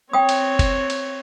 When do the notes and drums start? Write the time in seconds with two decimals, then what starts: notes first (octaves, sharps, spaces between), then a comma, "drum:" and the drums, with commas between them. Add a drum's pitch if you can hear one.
0.13 C4 C#5 G5 D#6
0.29 drum: cymbal
0.59 drum: kick F#1, cymbal
0.90 drum: cymbal